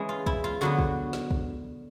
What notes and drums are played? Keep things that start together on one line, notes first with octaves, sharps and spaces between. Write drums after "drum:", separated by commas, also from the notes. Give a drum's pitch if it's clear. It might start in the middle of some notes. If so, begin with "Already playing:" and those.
Already playing: E3 G#3 C#4 E4
F4
E4, drum: kick
F4
D3 F#3 B3 F#4
drum: kick
drum: snare
drum: kick